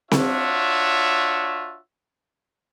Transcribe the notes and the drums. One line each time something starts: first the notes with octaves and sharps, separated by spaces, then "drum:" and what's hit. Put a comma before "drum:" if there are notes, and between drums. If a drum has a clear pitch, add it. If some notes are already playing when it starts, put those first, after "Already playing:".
D4 F4 F#4 C#5 E5, drum: snare C4